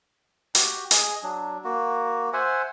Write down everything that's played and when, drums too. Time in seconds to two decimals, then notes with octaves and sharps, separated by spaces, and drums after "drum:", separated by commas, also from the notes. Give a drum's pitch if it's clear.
0.55 F#4 G4, drum: hi-hat
0.91 G#4 D#5, drum: hi-hat
1.23 F#3 D4
1.64 A#3 F#4
2.33 C5 E5 F#5 G#5